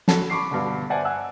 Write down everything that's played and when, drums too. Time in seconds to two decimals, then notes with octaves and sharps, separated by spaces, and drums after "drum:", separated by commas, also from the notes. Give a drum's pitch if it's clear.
0.08 F#4 A4 F#5 A5 B5, drum: snare
0.30 B5 C#6 D6 C7
0.51 G2 B2 D3
0.90 C5 D5 E5 F#5 G#5 A5
1.05 F#5 G#5 E6 F#6